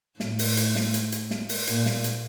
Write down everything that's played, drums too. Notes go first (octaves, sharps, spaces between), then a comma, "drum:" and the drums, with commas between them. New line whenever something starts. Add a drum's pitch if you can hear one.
A2, drum: snare
drum: open hi-hat
drum: hi-hat
drum: snare
drum: hi-hat
drum: hi-hat
drum: snare
drum: open hi-hat
A#2, drum: hi-hat
drum: snare
drum: hi-hat